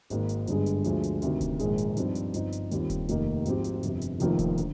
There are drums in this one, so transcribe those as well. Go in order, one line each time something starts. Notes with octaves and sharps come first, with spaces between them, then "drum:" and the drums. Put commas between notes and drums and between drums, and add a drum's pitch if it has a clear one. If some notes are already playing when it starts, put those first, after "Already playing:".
G#1 G#2 D#3 A#3, drum: hi-hat
drum: hi-hat
G1 G2 D3 G#3, drum: hi-hat
drum: hi-hat
D2 D3 F3 G#3, drum: hi-hat
drum: hi-hat
D2 C3 D#3, drum: hi-hat
drum: kick D#1, hi-hat
A#1 G#2 D#3 G#3, drum: hi-hat
drum: hi-hat
G2 F3 C4 D#4, drum: hi-hat
drum: hi-hat
G1 G2 F3 C4 D#4, drum: hi-hat
drum: hi-hat
D#2 D#3 G3 C4 F4, drum: hi-hat
drum: kick D#1, hi-hat
F1 D#2 D#3 A#3 D#4, drum: hi-hat
G#1 G#2 F3 C4 G4, drum: hi-hat
drum: hi-hat
G1 F2 C3, drum: hi-hat
drum: hi-hat
F1 F2 D#3 A#3 F4, drum: hi-hat
drum: kick D#1, hi-hat
D3, drum: hi-hat